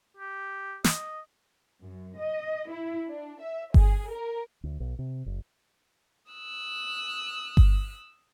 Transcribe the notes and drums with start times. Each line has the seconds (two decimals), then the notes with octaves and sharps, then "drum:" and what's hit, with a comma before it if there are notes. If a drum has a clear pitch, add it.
0.17 G4
0.84 D#5, drum: snare
1.83 F#2
2.19 D#5
2.71 E4
3.08 D4
3.40 E5
3.74 G#4, drum: kick G1
4.09 A#4
4.63 D2
4.80 B1
4.99 C3
5.26 F#1
6.30 D#6 E6 F#6
7.57 drum: kick G1